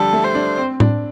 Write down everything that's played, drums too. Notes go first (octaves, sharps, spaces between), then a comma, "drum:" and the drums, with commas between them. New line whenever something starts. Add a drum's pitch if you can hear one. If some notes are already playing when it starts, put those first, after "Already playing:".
Already playing: D3 F3 G3 A4
A3
C5
D4
C4
D4, drum: tom A2